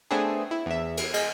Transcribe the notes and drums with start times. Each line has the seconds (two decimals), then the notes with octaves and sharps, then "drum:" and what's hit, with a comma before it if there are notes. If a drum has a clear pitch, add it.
0.11 A3 B3 C4 D4 G#4
0.51 E4
0.66 E2 E5
0.97 drum: cymbal
1.14 G#3 B6, drum: cymbal